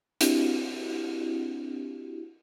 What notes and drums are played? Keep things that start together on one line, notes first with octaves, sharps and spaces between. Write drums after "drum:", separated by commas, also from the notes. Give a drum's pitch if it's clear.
C4 D4 E4 F#4 G4, drum: hi-hat